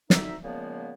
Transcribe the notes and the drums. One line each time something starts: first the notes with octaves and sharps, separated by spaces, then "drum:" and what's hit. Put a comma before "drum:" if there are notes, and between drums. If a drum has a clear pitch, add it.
D2 D#4 E5, drum: snare
A#2 C#3 F3 G#3 A#3 B3